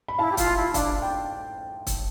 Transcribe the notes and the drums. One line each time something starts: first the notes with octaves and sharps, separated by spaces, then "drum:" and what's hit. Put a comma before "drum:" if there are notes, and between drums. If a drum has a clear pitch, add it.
B5
E4 F5 A5
G4
F4, drum: kick, hi-hat
A5 C6
E4
E4
D4 F5 A5, drum: kick, hi-hat
G5
drum: kick, hi-hat